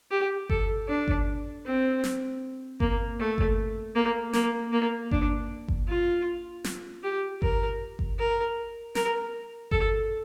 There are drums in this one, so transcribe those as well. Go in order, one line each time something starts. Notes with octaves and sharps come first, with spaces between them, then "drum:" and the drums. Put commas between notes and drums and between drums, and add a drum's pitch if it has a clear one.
G4
A4, drum: kick G1
D4
drum: kick G1
C4
drum: snare
A#3, drum: kick G1
A3
drum: kick G1
A#3
A#3, drum: snare
A#3
D4, drum: kick G1
drum: kick G1
F4
drum: snare
G4
A#4, drum: kick G1
drum: kick G1
A#4
A#4, drum: snare
A4, drum: kick G1